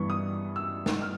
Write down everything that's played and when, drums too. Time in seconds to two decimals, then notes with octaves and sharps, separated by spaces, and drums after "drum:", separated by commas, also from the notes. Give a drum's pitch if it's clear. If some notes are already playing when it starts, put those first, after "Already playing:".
Already playing: G2 E3 G3 B3 C#6
0.10 D#6
0.56 E6
0.86 drum: snare
1.02 F6